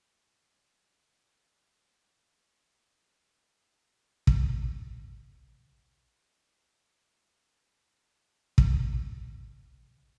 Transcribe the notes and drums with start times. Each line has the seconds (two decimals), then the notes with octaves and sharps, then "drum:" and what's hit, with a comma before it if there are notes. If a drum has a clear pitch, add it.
0.17 F4
1.78 B3 G6
2.46 G3 A3 G6 A6
3.56 G#4 E5 C#6 D#6 A#6
4.27 drum: kick
5.75 A#3 D6
8.20 F3 A3 D#4 D5 E5
8.58 drum: kick